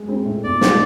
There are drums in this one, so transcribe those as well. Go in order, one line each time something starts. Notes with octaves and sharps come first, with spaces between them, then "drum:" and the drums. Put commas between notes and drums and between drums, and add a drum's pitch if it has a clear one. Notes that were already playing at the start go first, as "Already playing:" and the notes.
Already playing: G#3
C4
A2
B1 D5
G#3, drum: snare